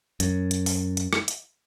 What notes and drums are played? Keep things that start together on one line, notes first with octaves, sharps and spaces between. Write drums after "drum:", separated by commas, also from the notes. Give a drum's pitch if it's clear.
F#2, drum: hi-hat
drum: hi-hat
drum: open hi-hat
drum: hi-hat
drum: rim click
drum: hi-hat